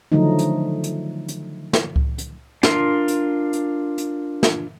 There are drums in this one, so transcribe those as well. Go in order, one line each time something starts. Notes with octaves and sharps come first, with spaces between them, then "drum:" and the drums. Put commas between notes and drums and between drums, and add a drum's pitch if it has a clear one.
D3 D#3 F3 F#3 A3 D#4
drum: hi-hat
drum: hi-hat
drum: hi-hat
drum: snare
drum: kick C#2
drum: hi-hat
D4 F4 A#4 C6, drum: snare
drum: hi-hat
drum: hi-hat
drum: hi-hat
drum: snare